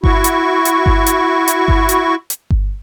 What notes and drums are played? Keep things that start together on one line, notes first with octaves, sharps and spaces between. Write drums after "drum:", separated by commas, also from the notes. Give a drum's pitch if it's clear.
E4 F#4 C#6, drum: kick G1
drum: hi-hat
drum: hi-hat
drum: kick G1
drum: hi-hat
drum: hi-hat
drum: kick G1
drum: hi-hat
drum: hi-hat
drum: kick G1